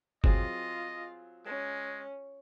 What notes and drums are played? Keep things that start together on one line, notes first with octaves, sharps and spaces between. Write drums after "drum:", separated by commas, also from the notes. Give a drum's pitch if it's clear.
F#3 C4 F4 G#4 D#5, drum: kick
G#3 C#4